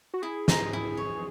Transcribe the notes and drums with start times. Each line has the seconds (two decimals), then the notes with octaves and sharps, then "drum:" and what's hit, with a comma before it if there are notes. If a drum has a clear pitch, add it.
0.14 F#4
0.22 E4 G#4
0.48 D#4, drum: snare
0.73 E4
0.97 C#5